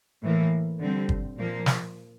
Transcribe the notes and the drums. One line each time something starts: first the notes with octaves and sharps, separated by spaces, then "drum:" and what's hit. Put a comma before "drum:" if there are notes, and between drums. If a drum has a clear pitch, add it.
A2 E3 A#3
D3 G3 C4
drum: kick
A#2 F3 A#3
drum: snare